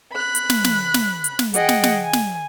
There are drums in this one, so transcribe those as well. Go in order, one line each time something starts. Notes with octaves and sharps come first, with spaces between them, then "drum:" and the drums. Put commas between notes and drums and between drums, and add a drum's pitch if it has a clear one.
B5 F#6
drum: hi-hat
drum: snare
drum: snare
drum: snare
drum: hi-hat
drum: snare
G#4 D#5 F#5 G5, drum: hi-hat
drum: snare
drum: snare
G#5
drum: snare